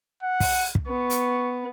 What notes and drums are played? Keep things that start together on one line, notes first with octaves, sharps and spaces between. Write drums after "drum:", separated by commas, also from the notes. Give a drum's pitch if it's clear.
F#5
drum: kick, open hi-hat
drum: kick
B3 C#6
drum: hi-hat